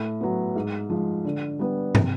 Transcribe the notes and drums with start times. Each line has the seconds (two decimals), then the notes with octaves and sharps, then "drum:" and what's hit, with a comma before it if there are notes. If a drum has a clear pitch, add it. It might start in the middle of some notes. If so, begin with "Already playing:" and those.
Already playing: A2
0.21 F#3 B3
0.56 G#2
0.89 F3 G#3
1.25 D3
1.59 G3 B3
1.95 C3, drum: tom